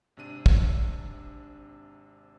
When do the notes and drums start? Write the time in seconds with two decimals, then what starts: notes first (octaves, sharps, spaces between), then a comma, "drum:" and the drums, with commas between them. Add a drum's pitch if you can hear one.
0.17 G#1 C3 D4 D#7
0.46 drum: kick